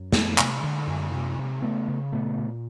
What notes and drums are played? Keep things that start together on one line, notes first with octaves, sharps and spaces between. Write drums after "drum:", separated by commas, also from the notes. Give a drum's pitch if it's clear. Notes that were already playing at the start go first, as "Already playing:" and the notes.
Already playing: F#2
F2 A3 B3, drum: snare
C3, drum: clap
D3
F#2
C3
C3
C#3 A3 B3
C#3
A#2 A3 B3
A#2